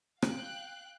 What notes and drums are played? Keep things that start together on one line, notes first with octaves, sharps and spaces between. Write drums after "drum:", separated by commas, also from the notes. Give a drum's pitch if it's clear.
F5 G5 F#6, drum: rim click